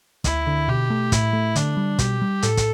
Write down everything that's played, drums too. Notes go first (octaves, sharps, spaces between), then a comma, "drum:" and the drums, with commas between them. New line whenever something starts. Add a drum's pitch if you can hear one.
D2 E4, drum: kick, hi-hat
D3
B2 G4
A3
A2 E4, drum: kick, hi-hat
A3
D3 D4, drum: hi-hat
G3
B2 G4, drum: kick, hi-hat
G3
A2 A4, drum: hi-hat
drum: kick, hi-hat